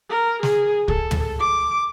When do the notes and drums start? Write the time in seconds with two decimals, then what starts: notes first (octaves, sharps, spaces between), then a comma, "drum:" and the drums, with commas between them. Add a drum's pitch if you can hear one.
0.10 A#4
0.43 G#4, drum: snare
0.88 A4, drum: kick
1.11 drum: tom
1.40 D6